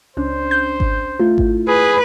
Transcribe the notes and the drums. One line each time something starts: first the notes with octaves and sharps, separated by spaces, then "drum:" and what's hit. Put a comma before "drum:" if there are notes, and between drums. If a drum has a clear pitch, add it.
C#2 C#4 D4 C5
G6
drum: kick G#1
A3 E4 F4
drum: kick G#1
G#4 B4